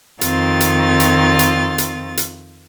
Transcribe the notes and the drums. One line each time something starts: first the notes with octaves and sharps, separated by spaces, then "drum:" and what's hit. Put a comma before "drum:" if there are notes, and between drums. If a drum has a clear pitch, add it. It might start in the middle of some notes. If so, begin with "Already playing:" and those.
F2 D#3 C4 F4 A6, drum: hi-hat
drum: hi-hat
drum: hi-hat
drum: hi-hat
drum: hi-hat
drum: hi-hat